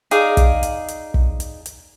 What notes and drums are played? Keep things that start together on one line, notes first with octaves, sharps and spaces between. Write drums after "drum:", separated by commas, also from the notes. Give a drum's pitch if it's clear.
D#4 G#4 D5 F5, drum: hi-hat
drum: kick, hi-hat
drum: hi-hat
drum: hi-hat
drum: kick
drum: hi-hat
drum: hi-hat